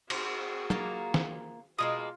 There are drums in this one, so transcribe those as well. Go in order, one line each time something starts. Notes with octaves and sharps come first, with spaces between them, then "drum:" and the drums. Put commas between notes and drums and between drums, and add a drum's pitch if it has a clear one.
C4 F#4 G#4, drum: cymbal
A#3 F4 A#5, drum: tom
drum: snare
B2 G#3 A#3 F4 D#6